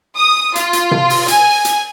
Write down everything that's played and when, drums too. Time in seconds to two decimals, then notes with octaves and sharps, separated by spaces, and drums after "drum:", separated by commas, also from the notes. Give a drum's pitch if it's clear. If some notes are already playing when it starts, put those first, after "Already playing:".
0.17 D#6
0.55 F4, drum: hi-hat
0.73 drum: hi-hat
0.91 drum: tom C3
1.10 drum: open hi-hat
1.28 G#5, drum: hi-hat
1.65 drum: hi-hat